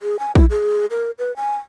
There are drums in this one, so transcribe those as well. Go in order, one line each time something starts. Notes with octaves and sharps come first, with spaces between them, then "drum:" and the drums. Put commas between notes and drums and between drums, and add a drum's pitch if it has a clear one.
G#4
G#5
E4, drum: kick A#1
G#4
A#4
B4
G#5